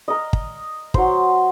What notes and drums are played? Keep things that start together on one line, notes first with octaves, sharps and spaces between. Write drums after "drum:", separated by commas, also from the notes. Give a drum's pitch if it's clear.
A#4 D#5
drum: kick
F#3 C5, drum: kick